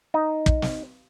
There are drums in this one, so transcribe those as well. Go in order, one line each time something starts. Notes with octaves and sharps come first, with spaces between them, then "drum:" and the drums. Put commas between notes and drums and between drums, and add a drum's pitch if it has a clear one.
D#4
drum: kick
drum: snare